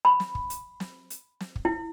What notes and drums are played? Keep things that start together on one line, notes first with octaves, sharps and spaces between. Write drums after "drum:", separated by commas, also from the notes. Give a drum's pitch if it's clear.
B5
drum: snare
drum: kick
drum: hi-hat
drum: snare
drum: hi-hat
drum: snare
drum: kick
E4